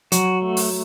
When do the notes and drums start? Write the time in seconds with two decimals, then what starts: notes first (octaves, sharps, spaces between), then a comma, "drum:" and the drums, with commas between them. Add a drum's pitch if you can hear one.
0.12 F#3 F#4, drum: hi-hat
0.42 A3
0.57 drum: open hi-hat